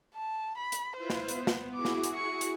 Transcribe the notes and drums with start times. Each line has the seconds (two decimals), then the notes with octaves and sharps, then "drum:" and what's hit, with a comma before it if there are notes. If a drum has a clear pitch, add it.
0.14 A5
0.58 B5
0.72 drum: hi-hat
0.97 E4 F4 B4 C5
1.10 drum: snare
1.28 B3, drum: hi-hat
1.47 drum: snare
1.75 E4 F#4 G#4 D6
1.85 drum: snare
2.04 drum: hi-hat
2.15 C#6
2.41 drum: hi-hat